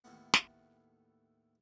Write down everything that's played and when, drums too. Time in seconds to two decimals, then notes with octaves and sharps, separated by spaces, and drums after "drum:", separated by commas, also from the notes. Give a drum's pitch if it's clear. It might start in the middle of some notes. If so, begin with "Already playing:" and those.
0.04 D#2 A2 A3 B3
0.34 drum: snare